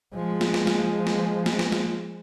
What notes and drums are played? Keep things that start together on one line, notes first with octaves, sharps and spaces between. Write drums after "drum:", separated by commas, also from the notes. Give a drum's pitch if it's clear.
F3 G#3
drum: snare
drum: snare
drum: snare
drum: snare
drum: snare
drum: snare
drum: snare